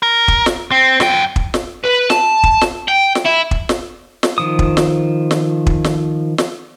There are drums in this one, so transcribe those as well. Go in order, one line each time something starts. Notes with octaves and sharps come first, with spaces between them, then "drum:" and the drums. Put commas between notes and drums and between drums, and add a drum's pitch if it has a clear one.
A#4
drum: kick
drum: snare
C4
F#2 G5, drum: snare
drum: kick
drum: snare
B4
A5, drum: snare
drum: kick
drum: snare
G5
drum: snare
E4
drum: kick
drum: snare
drum: snare
D#3 F3 D#6
drum: kick
drum: snare
drum: snare
drum: kick
drum: snare
drum: snare